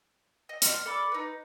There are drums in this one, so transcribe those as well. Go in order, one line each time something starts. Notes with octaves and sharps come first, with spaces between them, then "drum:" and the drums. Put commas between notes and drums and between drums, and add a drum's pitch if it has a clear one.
D#5
C6 F6, drum: hi-hat
A4 D5 B5 D6
D#4 B4